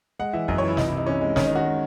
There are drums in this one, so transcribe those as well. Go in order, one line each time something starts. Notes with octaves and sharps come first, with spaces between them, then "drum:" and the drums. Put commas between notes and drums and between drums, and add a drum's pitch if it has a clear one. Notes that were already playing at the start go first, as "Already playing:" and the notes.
G#3 F#5
E3 E5
F#2 D#5, drum: kick
C#5
E3
E4
C2 D#4, drum: snare
E4
C3
D#4
E3 C#4
G#3
D#3 C#4, drum: snare
D#4
D#3 F#4
G#3